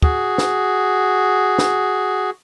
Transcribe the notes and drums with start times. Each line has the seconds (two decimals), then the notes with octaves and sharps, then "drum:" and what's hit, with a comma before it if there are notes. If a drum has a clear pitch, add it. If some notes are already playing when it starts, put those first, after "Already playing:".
0.02 F#4 G#4, drum: kick
0.38 drum: snare
1.58 drum: snare